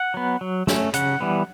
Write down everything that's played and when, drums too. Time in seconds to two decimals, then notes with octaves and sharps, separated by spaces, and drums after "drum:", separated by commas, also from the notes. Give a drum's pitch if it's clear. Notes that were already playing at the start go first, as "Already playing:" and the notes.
Already playing: F#5
0.14 F#3 B3
0.41 F#3
0.67 A3 C#4, drum: snare
0.94 C#3 F#5, drum: hi-hat
1.21 E3 G3 B3